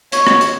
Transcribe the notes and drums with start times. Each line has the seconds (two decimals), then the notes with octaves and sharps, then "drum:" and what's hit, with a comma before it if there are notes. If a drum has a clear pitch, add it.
0.12 C#5, drum: hi-hat
0.27 drum: rim click
0.41 drum: hi-hat